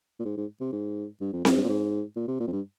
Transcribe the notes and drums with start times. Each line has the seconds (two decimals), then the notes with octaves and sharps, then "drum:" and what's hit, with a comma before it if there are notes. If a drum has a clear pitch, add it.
0.20 A#2
0.25 G#2
0.37 G#2
0.61 C3
0.73 G#2
1.21 G2
1.33 F2
1.45 F2, drum: snare C4
1.56 G2
1.64 A#2
1.69 G#2
2.16 A#2
2.28 C3
2.40 A#2
2.47 F2
2.52 G2